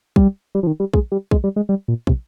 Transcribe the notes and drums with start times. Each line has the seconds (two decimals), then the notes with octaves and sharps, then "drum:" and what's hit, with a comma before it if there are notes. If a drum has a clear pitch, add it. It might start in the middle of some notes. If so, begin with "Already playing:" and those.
0.16 G3, drum: kick
0.55 G3
0.63 F3
0.67 D#3
0.80 G3
0.94 G#3, drum: kick
1.12 G3
1.31 G#3, drum: kick
1.44 G3
1.56 G#3
1.69 G3
1.88 A#2
2.07 C3, drum: kick